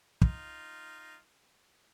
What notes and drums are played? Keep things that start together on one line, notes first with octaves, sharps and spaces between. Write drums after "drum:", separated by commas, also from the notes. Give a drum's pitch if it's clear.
D#4 F4, drum: kick